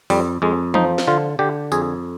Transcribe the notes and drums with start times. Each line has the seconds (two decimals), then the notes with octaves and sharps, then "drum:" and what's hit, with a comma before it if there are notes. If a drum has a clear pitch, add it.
0.10 F2 G3, drum: open hi-hat
0.42 F2 G#3
0.74 F3 D#4, drum: tom E3
0.98 drum: snare
1.07 D3 F4
1.39 D3 G4
1.72 F2 G#4, drum: tambourine